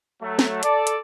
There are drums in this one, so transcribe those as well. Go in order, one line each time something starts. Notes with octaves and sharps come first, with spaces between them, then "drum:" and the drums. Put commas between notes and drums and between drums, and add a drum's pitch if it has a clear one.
F#3 A3
drum: snare
A4 D5, drum: hi-hat
drum: hi-hat